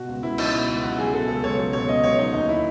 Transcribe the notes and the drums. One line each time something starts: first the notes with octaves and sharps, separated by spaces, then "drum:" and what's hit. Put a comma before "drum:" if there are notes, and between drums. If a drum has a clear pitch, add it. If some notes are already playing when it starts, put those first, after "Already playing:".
Already playing: B2 F#4
C#2
C#2 E4
F#3 D#4, drum: cymbal
B2 E4
C#2
C#2 F#4
F#3 G#4
B2 A4
C#2 A4
C#2 C#5
F#3
B2 C#5
C#2 D#5
C#2 C#5
F#3 D#4
D#2 D#4
E4